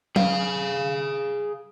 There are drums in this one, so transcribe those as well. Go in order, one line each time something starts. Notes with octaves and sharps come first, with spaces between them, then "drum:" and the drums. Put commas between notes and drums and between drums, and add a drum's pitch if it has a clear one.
G#4 F5, drum: tom F#3